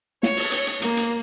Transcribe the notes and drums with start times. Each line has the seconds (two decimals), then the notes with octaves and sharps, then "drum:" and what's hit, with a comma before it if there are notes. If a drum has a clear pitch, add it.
0.23 C#5, drum: snare
0.36 drum: open hi-hat
0.52 drum: hi-hat
0.67 drum: hi-hat
0.82 A#3, drum: hi-hat
0.97 drum: hi-hat